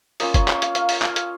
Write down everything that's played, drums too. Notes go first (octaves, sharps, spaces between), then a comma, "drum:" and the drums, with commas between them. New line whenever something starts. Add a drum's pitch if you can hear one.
A#3 C#4 F4 D#5, drum: open hi-hat
C#5, drum: kick F#1, hi-hat
C#5, drum: clap
F5, drum: hi-hat
F5, drum: hi-hat
drum: open hi-hat
F5, drum: clap
drum: hi-hat